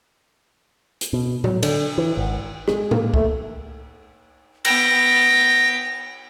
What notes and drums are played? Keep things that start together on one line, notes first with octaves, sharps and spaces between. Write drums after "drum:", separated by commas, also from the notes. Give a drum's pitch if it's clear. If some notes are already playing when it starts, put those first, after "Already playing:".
drum: hi-hat
B2
F#3, drum: tom A2
D3, drum: cymbal
E3
G#1
G#3, drum: rim click
A#3, drum: tom A2
A3, drum: kick C2
B3 G5 A#6, drum: cymbal